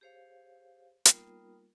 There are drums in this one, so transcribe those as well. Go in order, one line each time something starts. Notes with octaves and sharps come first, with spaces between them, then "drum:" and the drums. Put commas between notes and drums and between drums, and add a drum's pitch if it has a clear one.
G4 G#4 C5 C#5 F5
G3 A#3 B3 D#4 F4 A#4, drum: hi-hat